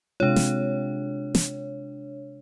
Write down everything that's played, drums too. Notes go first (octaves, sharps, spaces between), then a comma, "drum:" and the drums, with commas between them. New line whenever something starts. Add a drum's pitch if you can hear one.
C3 G#3 D4 F4 C#5
drum: snare
drum: snare